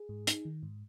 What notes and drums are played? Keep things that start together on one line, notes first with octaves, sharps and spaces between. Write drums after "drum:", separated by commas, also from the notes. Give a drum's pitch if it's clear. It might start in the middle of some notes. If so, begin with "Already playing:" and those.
Already playing: G#4
G#2
D#4, drum: hi-hat
D#3
G#2